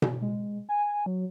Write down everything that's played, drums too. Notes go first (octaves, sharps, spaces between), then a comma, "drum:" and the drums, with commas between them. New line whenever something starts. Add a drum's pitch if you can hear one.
drum: tom B2
G#3
G#5
F#3